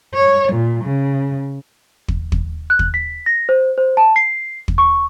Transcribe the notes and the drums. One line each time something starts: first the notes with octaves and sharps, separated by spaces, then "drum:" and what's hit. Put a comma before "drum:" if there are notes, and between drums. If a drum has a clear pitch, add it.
C#5
A#2
C#3
drum: kick
drum: kick
F#6
drum: kick
B6
A#6
C5
C5
A5
C7
drum: kick
C#6